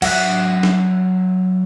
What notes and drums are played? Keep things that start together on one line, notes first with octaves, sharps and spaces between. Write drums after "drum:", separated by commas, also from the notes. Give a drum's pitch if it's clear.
F#3 E5 F#5, drum: cymbal
drum: snare